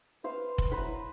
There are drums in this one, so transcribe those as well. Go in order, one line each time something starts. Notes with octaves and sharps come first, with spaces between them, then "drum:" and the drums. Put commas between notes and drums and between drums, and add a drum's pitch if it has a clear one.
B4 C5 F5
drum: kick
B2 F#3 E4 B4 C5 A#5